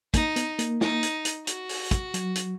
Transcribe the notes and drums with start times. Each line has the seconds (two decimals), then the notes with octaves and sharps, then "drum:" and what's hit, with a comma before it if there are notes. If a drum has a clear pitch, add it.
0.14 A#3 D#4, drum: kick, hi-hat
0.36 B3, drum: hi-hat
0.59 A#3, drum: hi-hat
0.81 D#4, drum: snare
1.03 drum: hi-hat
1.25 drum: hi-hat
1.47 F#4, drum: hi-hat
1.69 drum: open hi-hat
1.91 drum: kick, hi-hat
2.14 F#3, drum: hi-hat
2.35 drum: hi-hat